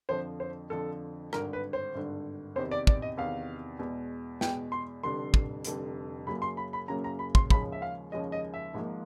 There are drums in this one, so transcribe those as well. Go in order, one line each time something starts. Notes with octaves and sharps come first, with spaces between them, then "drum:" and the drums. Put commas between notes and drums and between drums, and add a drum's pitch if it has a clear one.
F2 D3 F3 C5
C5
F2 D3 F3 A4
G#1 G2 D3 A#4, drum: rim click
B4
C5
G#1 G2 D3
E2 C3 D#3 C5
D5
D5, drum: kick
D#5
E2 C3 D#3 F5
E2 B2 G#3
E2 B2 G#3 G5, drum: snare
C6
F1 F2 D3 G3 C6
drum: kick
F1 F2 D3 G3, drum: hi-hat
F#2 C#3 F#3 A#3 B5
C6
B5
B5
F#2 C#3 F#3 A#3 A#5
A#5
B5
C6, drum: kick
D#2 C#3 F3 G#3 C#4 B5, drum: kick
E5
F5
D#2 C#3 F3 G#3 C#4 D#5
D#5
E5
G#1 G#2 F3 A#3